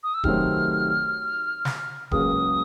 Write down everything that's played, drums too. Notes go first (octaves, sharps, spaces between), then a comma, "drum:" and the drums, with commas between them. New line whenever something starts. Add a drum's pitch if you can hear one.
D#6
E6
C3 D#3 F#3 A3 C4 F6, drum: kick D#1
drum: snare
C#2 C#3 F#3 A#3 D#6, drum: kick D#1